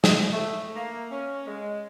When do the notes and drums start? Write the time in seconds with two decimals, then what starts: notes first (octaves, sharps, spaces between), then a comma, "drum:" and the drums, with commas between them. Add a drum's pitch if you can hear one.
0.04 D#5, drum: snare
0.31 A3
0.76 A#3
1.11 C#4
1.46 G#3